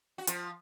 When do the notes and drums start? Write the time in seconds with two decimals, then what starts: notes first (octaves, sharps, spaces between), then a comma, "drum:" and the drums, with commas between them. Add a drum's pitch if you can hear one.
0.18 F#4
0.27 F3 F4, drum: hi-hat